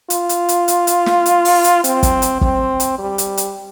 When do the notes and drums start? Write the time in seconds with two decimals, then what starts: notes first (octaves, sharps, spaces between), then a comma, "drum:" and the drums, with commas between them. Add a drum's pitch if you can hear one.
0.10 F4, drum: hi-hat
0.29 drum: hi-hat
0.49 drum: hi-hat
0.68 drum: hi-hat
0.87 drum: hi-hat
1.06 drum: snare
1.26 drum: hi-hat
1.45 drum: open hi-hat
1.64 drum: hi-hat
1.84 C4, drum: hi-hat
2.03 drum: kick, hi-hat
2.22 drum: hi-hat
2.41 C4, drum: kick
2.80 drum: hi-hat
2.99 G3
3.18 drum: hi-hat
3.37 drum: hi-hat